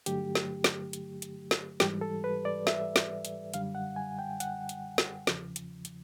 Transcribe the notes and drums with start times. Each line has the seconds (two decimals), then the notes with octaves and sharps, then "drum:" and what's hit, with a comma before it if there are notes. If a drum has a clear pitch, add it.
0.06 G2 D3 F#3 A3 G4, drum: hi-hat
0.35 drum: snare
0.64 drum: snare
0.93 drum: hi-hat
1.22 drum: hi-hat
1.51 drum: snare
1.80 G#2 E3 G3 G4, drum: snare
2.01 A4
2.24 B4
2.45 D5
2.67 E5, drum: snare
2.96 drum: snare
3.25 drum: hi-hat
3.54 F#2 D3 G3 F5, drum: hi-hat
3.75 F#5
3.96 G#5
4.19 G5
4.40 F#5, drum: hi-hat
4.69 drum: hi-hat
4.98 drum: snare
5.27 E2 C#3 F3, drum: snare
5.56 drum: hi-hat
5.85 drum: hi-hat